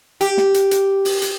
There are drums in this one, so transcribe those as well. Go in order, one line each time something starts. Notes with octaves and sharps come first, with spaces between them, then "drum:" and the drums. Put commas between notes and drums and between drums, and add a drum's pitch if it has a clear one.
G4, drum: hi-hat
drum: snare
drum: hi-hat
drum: hi-hat
drum: open hi-hat
drum: hi-hat